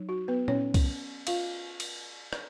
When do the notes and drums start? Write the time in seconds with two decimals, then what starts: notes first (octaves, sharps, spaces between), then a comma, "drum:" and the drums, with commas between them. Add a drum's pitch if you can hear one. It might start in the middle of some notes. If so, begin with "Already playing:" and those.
Already playing: F#3 D#4
0.09 F#4
0.28 B3 B4
0.48 C#4 C#5, drum: tom A#2
0.74 drum: kick, cymbal
1.27 F4 F5, drum: cymbal
1.80 drum: cymbal
2.33 drum: rim click